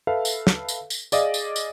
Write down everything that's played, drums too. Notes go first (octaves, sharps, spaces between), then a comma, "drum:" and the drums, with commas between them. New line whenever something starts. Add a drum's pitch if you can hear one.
A4 B4 E5 F5
drum: tambourine
drum: snare
drum: tambourine
drum: tambourine
G#4 D5 D#5 F5, drum: tambourine
drum: tambourine
drum: tambourine